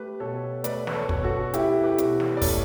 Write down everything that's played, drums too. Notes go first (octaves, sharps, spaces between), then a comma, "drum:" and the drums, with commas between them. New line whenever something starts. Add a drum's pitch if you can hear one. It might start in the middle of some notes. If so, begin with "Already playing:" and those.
Already playing: A3 G4 B4
B2 A4 C#5
A3 B4 D5, drum: hi-hat
B4, drum: snare
A4 C#5
B2, drum: kick
F#4 A4
A3 E4 G4, drum: hi-hat
G4 B4
B2, drum: hi-hat
drum: snare
D5
A3 A4 C#5, drum: kick, open hi-hat